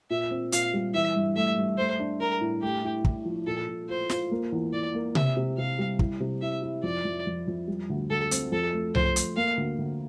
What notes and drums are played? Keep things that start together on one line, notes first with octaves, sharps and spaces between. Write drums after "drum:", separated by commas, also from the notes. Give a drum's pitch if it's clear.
A#2 E5
C4
A#2 F5, drum: hi-hat
G3
E3 E5
G2
A3 E5
G2
A3 C5
D4
D4 A#4
A2
A3 G4
E4
E4, drum: kick
F3
A#2 A4
A#2
F4 C5
F4, drum: snare
A#3
E2
E2 D5
A#3
C3 E5, drum: tom C3
C3
C3 F5
G3
E4, drum: kick
C3
E4 E5
E4
F2 D5
F2
F2
F2
G3
D2
D2 A4
C4, drum: hi-hat
F2 A4
A3
F2 C5, drum: tom C2
A3, drum: hi-hat
A#3 F5
D2
D2